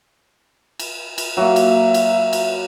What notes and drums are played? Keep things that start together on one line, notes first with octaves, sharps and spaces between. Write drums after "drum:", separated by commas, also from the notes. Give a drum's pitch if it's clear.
drum: cymbal
drum: cymbal
F#3 A#3 E5
drum: cymbal
drum: cymbal
drum: cymbal